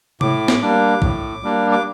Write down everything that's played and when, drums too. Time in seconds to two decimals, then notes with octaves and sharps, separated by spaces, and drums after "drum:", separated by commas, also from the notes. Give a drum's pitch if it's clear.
0.21 A2 D6, drum: tom C3
0.48 drum: snare
0.62 G3 A#3 D4
1.02 A2, drum: kick
1.43 G3 A#3 D4
1.72 D6